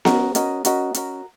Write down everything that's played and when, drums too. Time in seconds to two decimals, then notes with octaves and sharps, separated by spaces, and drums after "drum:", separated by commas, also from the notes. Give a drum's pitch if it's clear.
0.05 C#4 F#4 A#4 D#5, drum: snare B3
0.35 C#4 F#4 A#4 D#5, drum: hi-hat
0.65 C#4 F#4 A#4 D#5, drum: hi-hat
0.94 C#4 F#4 A#4 D#5, drum: hi-hat